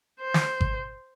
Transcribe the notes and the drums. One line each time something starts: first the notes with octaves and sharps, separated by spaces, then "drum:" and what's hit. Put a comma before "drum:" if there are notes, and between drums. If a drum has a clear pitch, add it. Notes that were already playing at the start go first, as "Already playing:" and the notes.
C5
drum: snare
drum: kick G#1